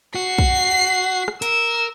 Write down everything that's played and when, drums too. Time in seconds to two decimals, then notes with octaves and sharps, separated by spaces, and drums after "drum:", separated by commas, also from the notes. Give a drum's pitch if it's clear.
0.15 F#4 C7
0.38 drum: kick
1.28 drum: rim click
1.42 A#4 E6, drum: hi-hat